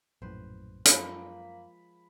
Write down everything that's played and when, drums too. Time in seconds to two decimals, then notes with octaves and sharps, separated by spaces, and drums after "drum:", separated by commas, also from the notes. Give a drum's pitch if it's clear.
0.22 A#1 F#2 A2 B4 C5
0.85 F#2 F3 G#3 A#3 A#4 B5, drum: hi-hat